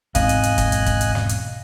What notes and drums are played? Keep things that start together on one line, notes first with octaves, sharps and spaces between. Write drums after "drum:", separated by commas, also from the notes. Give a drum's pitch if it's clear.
E1 G#2 C4 D#5 F5 G#5 F#6, drum: kick, hi-hat
drum: hi-hat
drum: hi-hat
drum: kick, hi-hat
drum: hi-hat
drum: kick, hi-hat
drum: hi-hat
drum: snare
drum: hi-hat